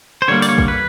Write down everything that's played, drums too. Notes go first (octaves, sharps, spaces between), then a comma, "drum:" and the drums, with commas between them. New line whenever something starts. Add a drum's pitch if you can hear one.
C5
D3 G3 A#3 C#5
D5, drum: tambourine
C#5
drum: kick
B4